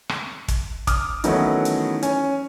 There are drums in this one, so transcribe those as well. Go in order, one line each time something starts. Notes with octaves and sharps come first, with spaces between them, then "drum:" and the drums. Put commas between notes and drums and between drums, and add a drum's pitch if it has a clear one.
drum: rim click
drum: kick, hi-hat
D6 D#6 F6, drum: kick, hi-hat
D#3 E3 F#3 A3 B3 C#4, drum: hi-hat
drum: hi-hat
C#4 G#5, drum: hi-hat